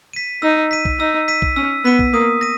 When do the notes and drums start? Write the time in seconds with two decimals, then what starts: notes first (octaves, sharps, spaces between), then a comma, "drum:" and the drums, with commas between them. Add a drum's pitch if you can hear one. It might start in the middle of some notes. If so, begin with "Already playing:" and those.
0.13 B6 D#7
0.42 D#4 E6
0.71 B6 D#7
0.85 drum: kick
0.99 D#4 E6
1.28 B6 D#7
1.42 drum: kick
1.56 C#4 E6
1.85 B3 B6 D#7
1.99 drum: kick
2.13 A#3 D#6
2.41 A#6 D#7